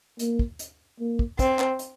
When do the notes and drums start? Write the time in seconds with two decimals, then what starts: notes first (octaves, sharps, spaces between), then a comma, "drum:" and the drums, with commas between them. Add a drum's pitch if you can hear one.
0.19 A#3, drum: hi-hat
0.39 drum: kick
0.59 drum: hi-hat
1.00 A#3
1.19 drum: kick
1.39 C4, drum: kick, hi-hat
1.59 drum: clap
1.79 drum: hi-hat